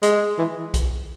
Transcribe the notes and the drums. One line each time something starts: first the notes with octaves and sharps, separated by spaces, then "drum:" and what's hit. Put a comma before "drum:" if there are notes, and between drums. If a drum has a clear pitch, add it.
G#3, drum: hi-hat
E3
drum: kick B1, hi-hat